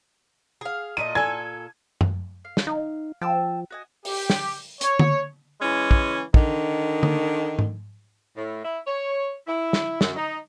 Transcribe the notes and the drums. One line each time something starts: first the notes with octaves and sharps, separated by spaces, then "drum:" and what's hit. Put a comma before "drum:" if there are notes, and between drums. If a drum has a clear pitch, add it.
G#4 F5
A#2 A3 D#5 D#7
A#2 A4 D5 G#5 G#6
drum: tom F#2
F5
drum: snare
D#4
F3 G5 A5 E6
F#4 D#5 G#5
G4, drum: open hi-hat
drum: snare
C#5, drum: hi-hat
drum: tom D3
E3 G#3 C#4
drum: kick
D3 D#3, drum: kick
drum: tom D3
drum: tom G#2
A2
E4
C#5
E4
drum: snare
F#2, drum: snare
D#4